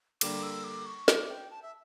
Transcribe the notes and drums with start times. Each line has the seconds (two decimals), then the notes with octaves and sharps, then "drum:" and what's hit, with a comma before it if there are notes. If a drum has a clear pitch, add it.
0.21 D3 G3 A#3 D6, drum: cymbal
0.43 E6
0.64 D6
0.86 C#6
1.08 D6, drum: snare
1.29 G5
1.51 A5
1.62 E5